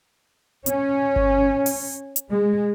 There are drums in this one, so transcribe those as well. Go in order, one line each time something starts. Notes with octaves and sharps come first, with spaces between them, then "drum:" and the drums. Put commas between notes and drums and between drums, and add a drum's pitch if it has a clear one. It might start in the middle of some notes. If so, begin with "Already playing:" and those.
C#4, drum: hi-hat
drum: kick G1
drum: open hi-hat
drum: hi-hat
G#3